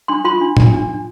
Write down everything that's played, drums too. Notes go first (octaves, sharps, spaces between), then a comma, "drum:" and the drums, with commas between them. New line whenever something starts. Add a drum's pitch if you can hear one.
D4 C6
F4 C6
D4
D4, drum: tom A2
D4
D4